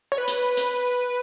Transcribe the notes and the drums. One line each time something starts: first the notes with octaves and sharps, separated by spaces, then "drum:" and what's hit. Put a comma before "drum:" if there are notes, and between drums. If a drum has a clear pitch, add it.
C#5
B4
drum: hi-hat
drum: hi-hat